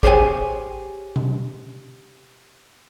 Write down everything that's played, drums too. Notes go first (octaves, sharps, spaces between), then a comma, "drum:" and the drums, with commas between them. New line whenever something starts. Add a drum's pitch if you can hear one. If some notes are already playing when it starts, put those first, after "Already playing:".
G4 G#4 C5 C#5 G5 G#5, drum: kick
drum: tom B2